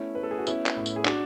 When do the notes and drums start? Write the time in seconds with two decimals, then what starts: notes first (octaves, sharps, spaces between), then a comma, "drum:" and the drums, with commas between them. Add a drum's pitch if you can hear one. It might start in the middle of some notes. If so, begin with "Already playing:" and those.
Already playing: A3 B3 C#4 E4
0.15 A3 B4
0.23 A4
0.31 G#4
0.38 F#4
0.47 B3 C#4 E4, drum: tambourine
0.66 drum: clap
0.77 A2
0.86 drum: tambourine
0.96 G#4
1.05 D4 F#4, drum: clap